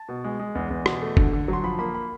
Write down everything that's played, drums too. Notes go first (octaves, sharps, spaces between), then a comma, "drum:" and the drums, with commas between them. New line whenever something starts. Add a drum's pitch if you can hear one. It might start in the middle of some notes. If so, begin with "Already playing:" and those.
Already playing: A5
B2
G#3
G#3
E2
E2
B2, drum: rim click
A3
D3, drum: kick F1
D3
F#3
C6
F3 B5
A#3 B5
B5